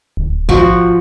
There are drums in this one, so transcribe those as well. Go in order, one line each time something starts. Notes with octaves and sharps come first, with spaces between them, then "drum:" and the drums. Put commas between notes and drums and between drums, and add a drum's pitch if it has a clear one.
D1
G#1 F3 F#4, drum: kick